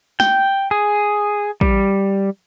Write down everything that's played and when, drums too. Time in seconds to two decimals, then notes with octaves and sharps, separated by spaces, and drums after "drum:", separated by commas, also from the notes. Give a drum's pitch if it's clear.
0.20 G5, drum: snare
0.71 G#4
1.61 G3, drum: kick